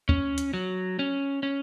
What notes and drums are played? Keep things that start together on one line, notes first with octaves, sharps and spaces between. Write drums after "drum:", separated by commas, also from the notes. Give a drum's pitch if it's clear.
C#4, drum: kick D2
drum: hi-hat
F#3
C#4
C#4